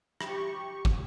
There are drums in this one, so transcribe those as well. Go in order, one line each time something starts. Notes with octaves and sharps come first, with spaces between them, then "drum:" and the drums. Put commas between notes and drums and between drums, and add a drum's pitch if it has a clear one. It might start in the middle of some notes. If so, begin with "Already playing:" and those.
G4 C#6, drum: rim click
drum: kick